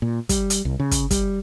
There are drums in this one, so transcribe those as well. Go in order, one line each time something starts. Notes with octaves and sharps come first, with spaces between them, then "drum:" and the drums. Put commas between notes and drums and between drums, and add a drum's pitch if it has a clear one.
A#2
G3, drum: kick, hi-hat
drum: hi-hat
C2
C#3
drum: kick, hi-hat
G3, drum: kick, hi-hat